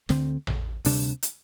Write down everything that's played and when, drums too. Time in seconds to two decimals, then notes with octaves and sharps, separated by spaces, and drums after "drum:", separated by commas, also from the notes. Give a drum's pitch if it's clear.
0.09 D2 D3 A3 C4, drum: snare
0.47 drum: tom A1
0.85 D2 C3 G3 D4, drum: open hi-hat
1.23 drum: hi-hat